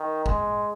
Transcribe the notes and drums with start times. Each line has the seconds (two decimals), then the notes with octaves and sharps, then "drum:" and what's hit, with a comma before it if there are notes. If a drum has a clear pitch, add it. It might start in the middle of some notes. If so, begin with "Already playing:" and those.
Already playing: D#3
0.26 G#3, drum: kick G1